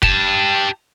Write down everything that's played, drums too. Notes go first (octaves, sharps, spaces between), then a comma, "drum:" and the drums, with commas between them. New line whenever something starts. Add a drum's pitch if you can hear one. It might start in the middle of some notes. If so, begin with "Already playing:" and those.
G4 A5, drum: kick